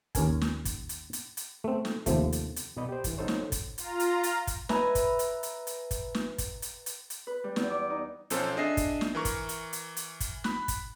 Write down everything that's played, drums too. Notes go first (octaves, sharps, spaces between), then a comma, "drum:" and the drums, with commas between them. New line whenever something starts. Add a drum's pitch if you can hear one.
D#2 C#4 A#4 G#5, drum: kick, hi-hat
drum: snare
drum: kick, hi-hat
drum: hi-hat
drum: hi-hat
drum: hi-hat
A3 C4
drum: snare
D#2 C3 F3 A3, drum: kick, hi-hat
drum: hi-hat
drum: hi-hat
C2 B2 D5 D#5 B5
G4 C5
G2 E3, drum: kick, hi-hat
C#3 F#3 D#4 A4 C5 C#5
drum: snare
drum: kick, hi-hat
F4 A#5, drum: hi-hat
drum: hi-hat
drum: hi-hat
drum: kick, hi-hat
B4 E5 G#5 A#5, drum: snare
drum: kick, hi-hat
drum: hi-hat
drum: hi-hat
drum: hi-hat
drum: kick, hi-hat
drum: snare
drum: kick, hi-hat
drum: hi-hat
drum: hi-hat
drum: hi-hat
B4
G3
E2, drum: snare
D6
D#4
B1 F3 C4 C#4 A4 C5, drum: hi-hat
D4 G#4 D#5 E5 A#6 C7
drum: kick, hi-hat
drum: snare
E3 A#4 C#6
drum: kick, hi-hat
drum: hi-hat
drum: hi-hat
drum: hi-hat
drum: kick, hi-hat
B5 F#6, drum: snare
drum: kick, hi-hat